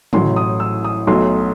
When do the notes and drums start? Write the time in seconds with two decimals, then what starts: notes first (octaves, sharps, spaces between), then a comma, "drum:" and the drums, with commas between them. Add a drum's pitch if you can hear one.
0.13 A1 A2 F#3 C6, drum: tom
0.36 D#6
0.60 E6
0.84 D#6
1.07 B1 B2 F#3 A3 C6